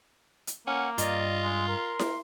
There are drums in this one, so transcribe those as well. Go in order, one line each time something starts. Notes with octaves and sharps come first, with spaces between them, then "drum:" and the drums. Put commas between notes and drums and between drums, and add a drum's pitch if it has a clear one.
drum: hi-hat
A#3 C#4 F#5 F6
G2 F4 D5 D#5, drum: hi-hat
G#3
A#4 C6
drum: snare E4